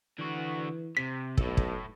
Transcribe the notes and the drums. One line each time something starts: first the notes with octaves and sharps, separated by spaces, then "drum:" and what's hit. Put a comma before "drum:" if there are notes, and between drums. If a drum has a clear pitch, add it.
D3 E3 F#4
C3 B6
B1 A2 A4, drum: kick
drum: kick